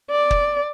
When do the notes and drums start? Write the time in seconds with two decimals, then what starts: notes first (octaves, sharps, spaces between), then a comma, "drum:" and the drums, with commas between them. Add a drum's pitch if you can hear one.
0.11 D5
0.31 drum: kick